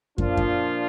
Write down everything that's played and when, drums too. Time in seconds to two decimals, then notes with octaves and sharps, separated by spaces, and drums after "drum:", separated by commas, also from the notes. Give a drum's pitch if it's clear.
0.18 A#2 F3 D4 F4, drum: kick
0.37 drum: kick